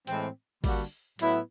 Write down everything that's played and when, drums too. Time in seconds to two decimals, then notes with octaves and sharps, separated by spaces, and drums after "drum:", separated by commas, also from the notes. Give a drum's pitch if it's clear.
0.07 A2 E3 G#3 C4, drum: hi-hat
0.64 D3 G3 A#3 D4 F#4, drum: kick G#1, open hi-hat
1.19 A2 F#3 B3 E4, drum: hi-hat